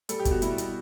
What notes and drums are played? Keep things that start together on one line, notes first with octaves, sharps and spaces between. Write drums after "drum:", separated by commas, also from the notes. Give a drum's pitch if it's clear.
G3 A4, drum: hi-hat
G4
B2, drum: kick, hi-hat
F#4
G3 E4, drum: hi-hat
B2, drum: hi-hat